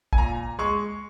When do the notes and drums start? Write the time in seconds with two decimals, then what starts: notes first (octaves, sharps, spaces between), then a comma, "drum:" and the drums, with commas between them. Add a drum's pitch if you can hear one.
0.13 G#5, drum: kick
0.18 A#2 A#5
0.59 G#3 C#6